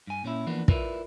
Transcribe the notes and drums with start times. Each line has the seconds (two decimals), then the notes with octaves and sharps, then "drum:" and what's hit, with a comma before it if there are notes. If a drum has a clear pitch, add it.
0.07 G2 G#5
0.24 A#2 C#4 E4
0.47 E3 F3 A#3 B3 D4
0.68 E4 F4 A#4 B4 D5, drum: kick